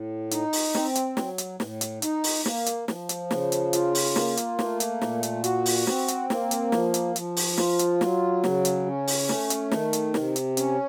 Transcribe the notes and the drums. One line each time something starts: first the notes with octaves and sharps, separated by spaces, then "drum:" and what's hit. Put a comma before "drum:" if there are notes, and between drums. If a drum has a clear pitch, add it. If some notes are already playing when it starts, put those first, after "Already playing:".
Already playing: A2
D#4, drum: hi-hat
drum: open hi-hat
C4, drum: snare
drum: hi-hat
F#3, drum: snare
drum: hi-hat
A2, drum: snare
drum: hi-hat
D#4, drum: hi-hat
drum: open hi-hat
A#3, drum: snare
drum: hi-hat
F3, drum: snare
drum: hi-hat
C#3, drum: snare
drum: hi-hat
F4, drum: hi-hat
drum: open hi-hat
A#3, drum: snare
drum: hi-hat
A3, drum: snare
drum: hi-hat
A#2, drum: snare
drum: hi-hat
F#4, drum: hi-hat
drum: open hi-hat
C4, drum: snare
drum: hi-hat
A#3, drum: snare
drum: hi-hat
F3, drum: snare
drum: hi-hat
F3, drum: hi-hat
drum: open hi-hat
F4, drum: snare
drum: hi-hat
F#3, drum: snare
C#3, drum: snare
drum: hi-hat
C#4
drum: open hi-hat
A3, drum: snare
drum: hi-hat
D#3, drum: snare
drum: hi-hat
C3, drum: snare
drum: hi-hat
C#4, drum: hi-hat